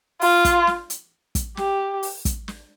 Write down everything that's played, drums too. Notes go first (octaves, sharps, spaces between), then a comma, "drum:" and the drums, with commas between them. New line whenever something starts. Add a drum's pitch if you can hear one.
F4, drum: open hi-hat
drum: kick, hi-hat
drum: snare
drum: hi-hat
drum: kick, hi-hat
G4, drum: snare
drum: open hi-hat
drum: kick, hi-hat
drum: snare